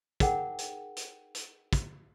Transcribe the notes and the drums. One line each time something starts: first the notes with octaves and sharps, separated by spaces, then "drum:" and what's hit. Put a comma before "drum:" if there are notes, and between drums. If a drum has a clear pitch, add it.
D#4 G#4 A#4 F#5 G5, drum: kick, hi-hat
drum: hi-hat
drum: hi-hat
drum: hi-hat
drum: kick, hi-hat